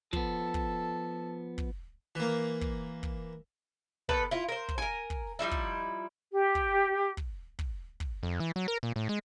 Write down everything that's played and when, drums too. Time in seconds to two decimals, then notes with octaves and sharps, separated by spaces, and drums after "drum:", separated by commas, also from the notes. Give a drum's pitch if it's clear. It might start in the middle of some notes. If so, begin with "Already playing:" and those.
0.13 F3 B3 A4, drum: kick
0.54 drum: kick
1.58 drum: kick
2.15 E3 A#3
2.61 drum: kick
3.03 drum: kick
4.09 D#3 B3 A4 B4, drum: kick
4.31 E4 F4
4.48 A#4 C5
4.69 drum: kick
4.78 A#4 G#5
5.10 drum: kick
5.39 F3 G3 D#4 E4
5.51 drum: kick
6.32 G4
6.55 drum: kick
7.17 drum: kick
7.59 drum: kick
8.00 drum: kick
8.23 F2
8.40 E3
8.56 F#3
8.68 A#4
8.83 A#2
8.96 A2
9.09 G#3